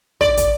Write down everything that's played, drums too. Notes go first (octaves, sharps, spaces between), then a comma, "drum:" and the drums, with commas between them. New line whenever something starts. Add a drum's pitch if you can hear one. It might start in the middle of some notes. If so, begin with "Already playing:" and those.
D5, drum: kick
drum: kick, hi-hat